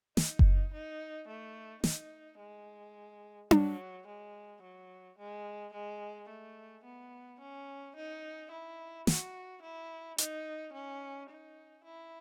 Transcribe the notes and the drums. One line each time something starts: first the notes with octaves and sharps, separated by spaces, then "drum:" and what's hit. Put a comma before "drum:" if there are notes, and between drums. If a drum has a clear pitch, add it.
D#4, drum: snare
drum: kick F#1
D#4
A3
D#4, drum: snare
G#3
F#3, drum: tom D4
G#3
F#3
G#3
G#3
A3
B3
C#4
D#4
E4
F#4, drum: snare
E4
D#4, drum: hi-hat
C#4
D#4
E4